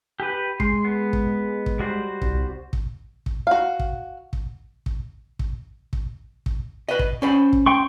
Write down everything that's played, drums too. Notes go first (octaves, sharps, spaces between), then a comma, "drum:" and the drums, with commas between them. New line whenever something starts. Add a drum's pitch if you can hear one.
G4 B4
G#3 C6, drum: kick
B3
drum: kick
drum: kick
G3 F#4 C5
C2, drum: kick
drum: kick
drum: kick
F#4 F5
drum: kick
drum: kick
drum: kick
drum: kick
drum: kick
drum: kick
B4 D#5
drum: kick
C#4 C5 B5
drum: kick
G5 C6 C#6